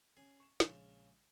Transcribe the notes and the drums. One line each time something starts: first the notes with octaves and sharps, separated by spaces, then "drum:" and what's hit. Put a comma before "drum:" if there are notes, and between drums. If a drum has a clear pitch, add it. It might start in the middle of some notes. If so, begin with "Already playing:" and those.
C#4 G#4
C#6 E7
A#1 C#3 G#3, drum: snare